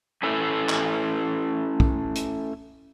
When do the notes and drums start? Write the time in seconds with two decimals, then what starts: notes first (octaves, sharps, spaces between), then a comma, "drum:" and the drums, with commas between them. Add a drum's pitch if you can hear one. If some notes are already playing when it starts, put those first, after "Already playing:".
0.23 A3 C#4 E4 A4 E5
0.69 drum: clap
1.80 drum: kick
2.15 drum: hi-hat